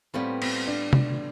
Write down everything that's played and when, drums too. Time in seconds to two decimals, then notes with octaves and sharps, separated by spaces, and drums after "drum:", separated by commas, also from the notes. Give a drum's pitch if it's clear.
0.14 A2 G3 B3 C4 F4
0.42 C4, drum: cymbal
0.67 D4
0.93 drum: tom C3